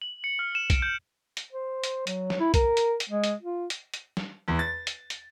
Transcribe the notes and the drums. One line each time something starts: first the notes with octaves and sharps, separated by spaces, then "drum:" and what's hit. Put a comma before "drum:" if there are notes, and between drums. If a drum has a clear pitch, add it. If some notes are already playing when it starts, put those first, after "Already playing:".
F#7
C#7
F6
E7
D7, drum: kick B1, hi-hat
G6
drum: hi-hat
C5
drum: hi-hat
F#3, drum: hi-hat
drum: snare
E4
A#4, drum: kick B1, hi-hat
drum: hi-hat
drum: hi-hat
G#3
drum: hi-hat
F4
drum: hi-hat
drum: hi-hat
drum: snare
E2
A6
drum: hi-hat
drum: hi-hat